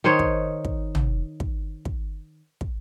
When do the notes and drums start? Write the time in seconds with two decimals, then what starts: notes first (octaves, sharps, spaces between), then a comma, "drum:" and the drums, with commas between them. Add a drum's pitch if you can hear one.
0.04 D#3 D#4 C5 C#5
0.19 drum: kick
0.65 drum: kick
0.95 drum: tom
1.40 drum: kick
1.85 drum: kick
2.61 drum: kick